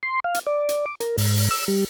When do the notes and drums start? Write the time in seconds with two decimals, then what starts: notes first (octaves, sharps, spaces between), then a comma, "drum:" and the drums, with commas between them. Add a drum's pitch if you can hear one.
0.03 C6
0.24 F5
0.34 drum: hi-hat
0.47 D5
0.69 drum: hi-hat
0.86 D6
1.00 A#4, drum: hi-hat
1.18 G#2, drum: open hi-hat
1.37 drum: open hi-hat
1.51 E6
1.68 G3